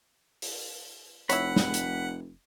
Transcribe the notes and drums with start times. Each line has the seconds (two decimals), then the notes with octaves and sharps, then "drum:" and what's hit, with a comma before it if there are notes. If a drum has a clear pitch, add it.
0.42 drum: open hi-hat
1.29 F1 E4 C#5 F#5 B5, drum: hi-hat
1.56 drum: snare
1.74 drum: hi-hat